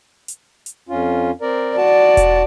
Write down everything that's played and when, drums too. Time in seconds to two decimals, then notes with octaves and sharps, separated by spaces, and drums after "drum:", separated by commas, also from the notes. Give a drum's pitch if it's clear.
0.28 drum: hi-hat
0.66 drum: hi-hat
0.89 F2 C#4 F4
1.42 C4 A#4 D5
1.77 F#4 D5 A5
2.17 drum: kick E1, hi-hat